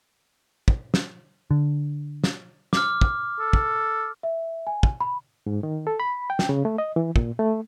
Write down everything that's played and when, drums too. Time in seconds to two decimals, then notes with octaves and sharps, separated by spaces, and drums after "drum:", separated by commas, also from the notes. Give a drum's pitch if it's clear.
0.68 drum: kick
0.94 drum: snare
1.51 D3
2.24 drum: snare
2.73 D6 F6, drum: snare
3.01 drum: kick
3.40 A4
3.53 drum: kick
4.23 E5
4.67 G#5
4.83 drum: kick
5.00 B5
5.46 G#2
5.63 D#3
5.87 A4
6.00 B5
6.30 G5
6.39 drum: snare
6.49 C#3
6.65 A3
6.78 D#5
6.96 E3
7.16 A#2, drum: kick
7.39 A3